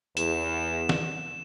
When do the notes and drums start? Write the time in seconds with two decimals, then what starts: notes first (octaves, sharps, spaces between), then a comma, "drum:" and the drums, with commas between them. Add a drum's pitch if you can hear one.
0.17 E2 E7, drum: hi-hat
0.89 drum: snare